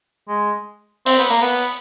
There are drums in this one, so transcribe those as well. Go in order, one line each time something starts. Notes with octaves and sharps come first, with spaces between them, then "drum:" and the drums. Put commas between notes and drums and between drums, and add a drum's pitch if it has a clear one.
G#3
C4, drum: open hi-hat
B3
A#3
B3